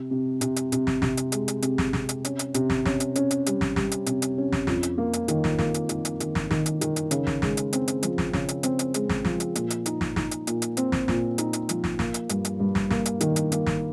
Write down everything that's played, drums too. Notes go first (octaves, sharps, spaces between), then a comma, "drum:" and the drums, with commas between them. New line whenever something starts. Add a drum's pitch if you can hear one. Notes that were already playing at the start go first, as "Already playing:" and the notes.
Already playing: C3
C3
C3, drum: hi-hat
drum: hi-hat
C3, drum: hi-hat
drum: snare
C3, drum: snare
drum: hi-hat
G#3, drum: hi-hat
drum: hi-hat
C3, drum: hi-hat
drum: snare
C3, drum: snare
drum: hi-hat
C#4, drum: hi-hat
drum: hi-hat
C3, drum: hi-hat
drum: snare
C#4, drum: snare
drum: hi-hat
C#4, drum: hi-hat
drum: hi-hat
G3, drum: hi-hat
drum: snare
G3, drum: snare
drum: hi-hat
C3, drum: hi-hat
drum: hi-hat
C#4
drum: snare
F2, drum: snare
drum: hi-hat
A#3
drum: hi-hat
D#3, drum: hi-hat
drum: snare
A#3, drum: snare
drum: hi-hat
D#3, drum: hi-hat
drum: hi-hat
D#3, drum: hi-hat
drum: snare
D#3, drum: snare
drum: hi-hat
D#3, drum: hi-hat
drum: hi-hat
C#3, drum: hi-hat
drum: snare
G#3, drum: snare
drum: hi-hat
C4, drum: hi-hat
drum: hi-hat
F3, drum: hi-hat
drum: snare
C#3, drum: snare
drum: hi-hat
C4, drum: hi-hat
drum: hi-hat
G#3, drum: hi-hat
drum: snare
F3, drum: snare
drum: hi-hat
A#2, drum: hi-hat
drum: hi-hat
D#4, drum: hi-hat
drum: snare
D#4, drum: snare
drum: hi-hat
A#2, drum: hi-hat
drum: hi-hat
C4, drum: hi-hat
drum: snare
A#2, drum: snare
D#4, drum: hi-hat
drum: hi-hat
F3, drum: hi-hat
drum: snare
A#3, drum: snare
drum: hi-hat
G2, drum: hi-hat
drum: hi-hat
G2
drum: snare
A#3, drum: snare
drum: hi-hat
D#3, drum: hi-hat
drum: hi-hat
A#3, drum: hi-hat
drum: snare